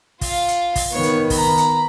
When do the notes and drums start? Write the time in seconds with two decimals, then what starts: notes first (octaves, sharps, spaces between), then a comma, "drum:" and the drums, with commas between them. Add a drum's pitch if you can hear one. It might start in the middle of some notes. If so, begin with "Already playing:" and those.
0.21 F4 F5, drum: kick, open hi-hat
0.48 drum: hi-hat
0.76 drum: kick, open hi-hat
0.93 D#3 B3 C#5
1.03 drum: hi-hat
1.30 A#5 B5, drum: kick, open hi-hat
1.57 drum: hi-hat